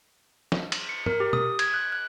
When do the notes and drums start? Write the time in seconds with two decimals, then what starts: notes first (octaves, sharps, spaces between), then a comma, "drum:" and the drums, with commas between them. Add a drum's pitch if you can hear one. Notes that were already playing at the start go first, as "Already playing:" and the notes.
0.52 drum: snare
0.72 drum: cymbal
0.89 C#7
1.06 A#4, drum: tom
1.20 G4
1.33 D#6, drum: tom B2
1.59 G#6, drum: cymbal
1.74 F#6
1.92 F#6